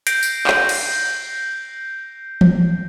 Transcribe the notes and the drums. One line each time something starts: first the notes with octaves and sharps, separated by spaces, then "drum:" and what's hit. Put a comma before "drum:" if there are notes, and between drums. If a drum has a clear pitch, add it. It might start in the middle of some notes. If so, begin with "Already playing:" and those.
G6 A#6 C7 D7, drum: hi-hat
drum: tambourine
drum: clap
drum: cymbal
drum: tom E3